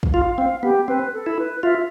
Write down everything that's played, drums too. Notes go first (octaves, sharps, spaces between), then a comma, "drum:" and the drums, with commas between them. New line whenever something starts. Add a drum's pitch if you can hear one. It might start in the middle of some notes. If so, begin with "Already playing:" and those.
drum: kick
F4 F5
C4 F5
B3 G4
C4 B4
A4
E4
B4
F4 E5